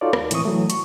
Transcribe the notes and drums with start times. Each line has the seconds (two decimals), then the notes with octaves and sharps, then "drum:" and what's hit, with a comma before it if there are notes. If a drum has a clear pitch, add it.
0.01 D#4 F4 F#4 A4 C#5 D5
0.13 D#2, drum: rim click
0.31 A2 E3 C4 C#6 D#6, drum: hi-hat
0.45 E3 F#3 A3
0.70 C#6, drum: hi-hat